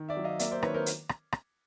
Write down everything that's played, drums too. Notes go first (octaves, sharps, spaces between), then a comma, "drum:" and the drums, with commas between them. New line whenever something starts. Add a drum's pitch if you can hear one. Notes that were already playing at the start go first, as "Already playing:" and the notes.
Already playing: D#3
D5 E5
F#3
D#5 F5
A#3 D5 E5, drum: hi-hat
C5 D5
D#3 B4 C#5, drum: rim click
A#4 C5
drum: hi-hat
drum: rim click
drum: rim click